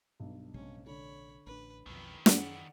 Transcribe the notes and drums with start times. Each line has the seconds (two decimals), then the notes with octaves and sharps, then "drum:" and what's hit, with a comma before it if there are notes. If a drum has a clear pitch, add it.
0.20 B1 G2
0.54 A#1 C3 G#3 C#4
0.86 D3 C#5 B5
1.47 A1 D4 B4
1.86 B1 F2 D#3 E3 B4
2.26 F#2 D5 F#5, drum: snare